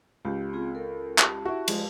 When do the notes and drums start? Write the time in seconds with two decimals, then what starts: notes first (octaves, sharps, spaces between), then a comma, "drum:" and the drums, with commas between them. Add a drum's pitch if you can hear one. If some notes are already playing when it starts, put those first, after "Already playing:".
0.25 C#2 G4
0.53 C4 F4 G#4
0.75 A4 A#4
1.18 G4 A5, drum: clap
1.45 E4 F#4
1.68 F3 G#3, drum: cymbal